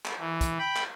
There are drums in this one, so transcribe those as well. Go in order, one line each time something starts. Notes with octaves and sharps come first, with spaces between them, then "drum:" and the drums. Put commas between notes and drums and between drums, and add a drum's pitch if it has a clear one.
drum: clap
E3
drum: kick, hi-hat
G5 B5
drum: clap